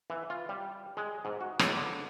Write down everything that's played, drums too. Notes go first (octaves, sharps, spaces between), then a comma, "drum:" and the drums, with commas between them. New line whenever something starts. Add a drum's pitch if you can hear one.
E3
F4
G3
G#3
G#2
F#4
C#2, drum: rim click
D3